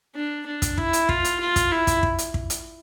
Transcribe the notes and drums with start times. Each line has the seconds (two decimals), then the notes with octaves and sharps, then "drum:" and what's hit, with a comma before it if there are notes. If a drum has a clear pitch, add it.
0.15 D4
0.46 D4
0.62 drum: kick, hi-hat
0.78 E4, drum: kick
0.93 drum: hi-hat
1.09 F4, drum: kick
1.25 drum: hi-hat
1.40 F4
1.56 drum: kick, hi-hat
1.72 E4
1.87 drum: kick, hi-hat
2.03 drum: kick
2.18 drum: hi-hat
2.34 drum: kick
2.50 drum: hi-hat